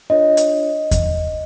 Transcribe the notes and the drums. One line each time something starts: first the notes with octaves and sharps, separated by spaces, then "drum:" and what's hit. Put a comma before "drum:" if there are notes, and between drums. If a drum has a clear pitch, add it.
D4 F4 A#4 C#5 D#5
drum: hi-hat
drum: kick E2, hi-hat